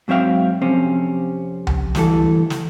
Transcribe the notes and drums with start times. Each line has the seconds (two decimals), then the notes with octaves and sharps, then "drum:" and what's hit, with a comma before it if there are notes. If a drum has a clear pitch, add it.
0.08 G#2 F#3 C4 E5 F5 G5
0.61 F2 C3 C4 C#4
1.67 drum: tom C#2
1.95 D2 G2 E3 A4, drum: snare
2.50 drum: snare